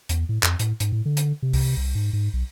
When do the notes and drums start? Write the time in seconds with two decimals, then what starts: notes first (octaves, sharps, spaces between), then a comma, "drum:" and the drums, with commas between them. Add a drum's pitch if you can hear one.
0.09 E2, drum: hi-hat
0.29 A2
0.43 F2, drum: clap
0.59 A2, drum: hi-hat
0.80 G#2, drum: hi-hat
0.92 A2
1.05 D3
1.17 drum: hi-hat
1.42 C3
1.53 drum: kick C2, open hi-hat
1.77 C2
1.95 G#2
2.13 G#2
2.33 B1